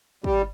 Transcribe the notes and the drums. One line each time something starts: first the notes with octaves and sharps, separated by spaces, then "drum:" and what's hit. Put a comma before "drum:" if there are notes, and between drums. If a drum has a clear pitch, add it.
G3, drum: kick